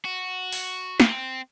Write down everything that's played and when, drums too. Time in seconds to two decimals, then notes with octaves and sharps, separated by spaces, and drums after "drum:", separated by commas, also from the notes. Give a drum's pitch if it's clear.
0.05 F#4
0.52 drum: open hi-hat
1.00 C4, drum: snare